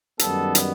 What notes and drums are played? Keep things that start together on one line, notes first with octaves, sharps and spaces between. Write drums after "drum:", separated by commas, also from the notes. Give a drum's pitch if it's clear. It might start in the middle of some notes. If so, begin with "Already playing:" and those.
F#2 D#3 G3 B3 A4, drum: hi-hat
drum: hi-hat